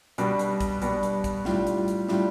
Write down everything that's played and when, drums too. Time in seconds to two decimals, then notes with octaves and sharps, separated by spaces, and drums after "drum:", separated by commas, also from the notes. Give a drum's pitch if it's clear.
0.18 B2 G3 B3 D4, drum: hi-hat
0.39 drum: hi-hat
0.61 drum: kick, hi-hat
0.82 B2 G3 B3 D4, drum: hi-hat
1.03 drum: hi-hat
1.24 drum: kick, hi-hat
1.45 A2 G3 D4 F4, drum: snare
1.67 drum: hi-hat
1.88 drum: hi-hat
2.09 A2 G3 D4 F4, drum: snare